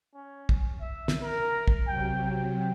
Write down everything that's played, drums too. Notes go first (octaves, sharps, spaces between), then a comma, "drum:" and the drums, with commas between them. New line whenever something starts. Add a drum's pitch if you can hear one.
C#4
drum: kick
E5
drum: snare
A#4
drum: kick
C3 F#3 G5
G5